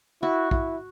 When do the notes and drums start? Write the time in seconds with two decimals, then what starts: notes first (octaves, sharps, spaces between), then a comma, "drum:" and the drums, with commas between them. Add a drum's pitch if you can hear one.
0.22 E4 F#4
0.51 E4, drum: kick